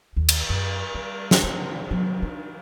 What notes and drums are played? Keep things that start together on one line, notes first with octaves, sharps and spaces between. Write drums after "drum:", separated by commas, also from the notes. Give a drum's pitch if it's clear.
D#2
drum: cymbal
F#2
G3
drum: snare
A#3 C4
F#3 B3
D4 D#4